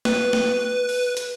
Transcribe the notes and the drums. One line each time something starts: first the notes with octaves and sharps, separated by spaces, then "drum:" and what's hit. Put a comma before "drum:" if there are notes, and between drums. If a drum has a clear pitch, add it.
B4, drum: snare
drum: snare
drum: open hi-hat
drum: hi-hat